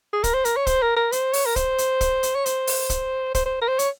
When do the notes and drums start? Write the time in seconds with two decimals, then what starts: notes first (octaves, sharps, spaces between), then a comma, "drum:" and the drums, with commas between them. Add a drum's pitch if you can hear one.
0.13 G#4
0.24 A#4, drum: kick, hi-hat
0.34 C5
0.45 A#4, drum: hi-hat
0.57 C#5
0.67 C5, drum: kick, hi-hat
0.82 A#4
0.96 A#4
1.12 C5, drum: hi-hat
1.33 C#5, drum: open hi-hat
1.46 A#4
1.56 C5, drum: kick, hi-hat
1.78 drum: hi-hat
2.01 drum: kick, hi-hat
2.23 drum: hi-hat
2.35 C#5
2.46 C5, drum: hi-hat
2.67 drum: open hi-hat
2.90 drum: kick, hi-hat
3.35 C5, drum: kick, hi-hat
3.46 C5
3.62 A#4
3.68 C5
3.79 C#5, drum: hi-hat